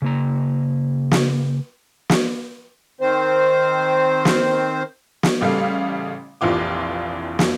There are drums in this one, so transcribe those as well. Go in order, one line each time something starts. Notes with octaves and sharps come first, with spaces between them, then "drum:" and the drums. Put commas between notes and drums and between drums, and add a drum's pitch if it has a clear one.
C#3 A#3 A#5
drum: snare
drum: snare
D#3 C4 C5
drum: snare
drum: snare
A1 C#3 G3 A3 F5
F1 A#1 F2 E3 F4 D6
drum: snare